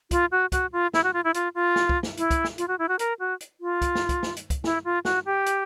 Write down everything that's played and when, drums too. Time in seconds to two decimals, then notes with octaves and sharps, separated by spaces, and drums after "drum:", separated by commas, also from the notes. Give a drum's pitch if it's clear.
0.11 F4, drum: kick, hi-hat
0.32 F#4
0.52 F#4, drum: kick, hi-hat
0.73 F4
0.94 E4, drum: snare
1.04 F#4
1.13 F4
1.24 E4
1.34 F4, drum: hi-hat
1.55 F4
1.76 drum: snare
1.89 drum: kick
2.03 drum: snare
2.17 E4, drum: hi-hat
2.31 drum: kick, hi-hat
2.44 drum: snare
2.58 F4, drum: hi-hat
2.68 F#4
2.79 E4
2.89 F#4
2.99 A#4, drum: hi-hat
3.19 F#4
3.40 drum: hi-hat
3.61 F4
3.82 drum: kick, hi-hat
3.95 drum: snare
4.09 drum: kick, hi-hat
4.23 drum: snare
4.36 drum: hi-hat
4.50 drum: kick, hi-hat
4.64 E4, drum: snare
4.85 F4
5.05 F#4, drum: snare
5.26 G4
5.46 drum: hi-hat